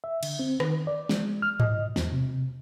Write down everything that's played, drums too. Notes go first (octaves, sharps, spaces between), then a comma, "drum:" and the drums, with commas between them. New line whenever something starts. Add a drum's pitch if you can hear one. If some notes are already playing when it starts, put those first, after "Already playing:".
E5
D3, drum: cymbal
C4
D#3, drum: rim click
D5
G#3, drum: snare
F6
D#5, drum: tom G#2
E2, drum: snare
C3